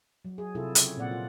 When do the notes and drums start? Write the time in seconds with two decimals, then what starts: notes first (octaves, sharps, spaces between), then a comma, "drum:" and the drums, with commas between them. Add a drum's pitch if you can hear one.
0.25 F#3
0.38 G#4
0.55 C3 A3 E4 F4 G#4 A4
0.75 C#3 G4 C#5, drum: hi-hat
0.97 A#2 A#3 C4 D5 F#5
1.11 F4